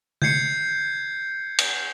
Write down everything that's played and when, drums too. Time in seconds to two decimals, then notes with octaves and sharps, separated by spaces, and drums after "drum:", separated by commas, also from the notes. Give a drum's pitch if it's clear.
0.22 G6 G#6 C7 C#7, drum: tom D3
1.58 drum: cymbal